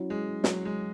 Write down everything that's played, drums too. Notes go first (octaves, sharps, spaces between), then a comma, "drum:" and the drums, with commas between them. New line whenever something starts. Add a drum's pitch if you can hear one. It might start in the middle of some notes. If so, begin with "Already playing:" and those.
Already playing: F#3 C#4 E4
G#3
F#3, drum: snare
G#3